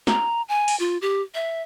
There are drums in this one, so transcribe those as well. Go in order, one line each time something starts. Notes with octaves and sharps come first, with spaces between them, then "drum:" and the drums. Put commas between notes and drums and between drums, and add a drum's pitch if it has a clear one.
A#5, drum: snare
G#5
drum: open hi-hat
F4
G4
E5